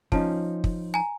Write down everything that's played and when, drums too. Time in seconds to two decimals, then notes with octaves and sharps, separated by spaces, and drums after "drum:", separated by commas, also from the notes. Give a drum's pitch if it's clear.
0.12 F3 C#4 D#4 A5, drum: kick
0.64 drum: kick
0.94 G#5 A#5